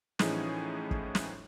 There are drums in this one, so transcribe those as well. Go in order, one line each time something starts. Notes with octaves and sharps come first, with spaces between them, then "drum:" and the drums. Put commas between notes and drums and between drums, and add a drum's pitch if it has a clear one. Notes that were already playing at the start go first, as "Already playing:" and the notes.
A2 E3 F3 C#4 D#4 G#4, drum: snare
drum: kick
drum: snare